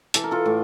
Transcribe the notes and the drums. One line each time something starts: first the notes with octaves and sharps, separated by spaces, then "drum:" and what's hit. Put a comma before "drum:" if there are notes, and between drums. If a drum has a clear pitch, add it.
E3 A4, drum: hi-hat
A#4
F4 A4
A2